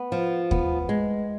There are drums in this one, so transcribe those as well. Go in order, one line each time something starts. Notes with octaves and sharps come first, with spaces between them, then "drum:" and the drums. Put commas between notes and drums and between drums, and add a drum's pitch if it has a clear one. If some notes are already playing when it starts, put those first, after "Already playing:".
Already playing: B3
F3
B3, drum: kick D#2
G#3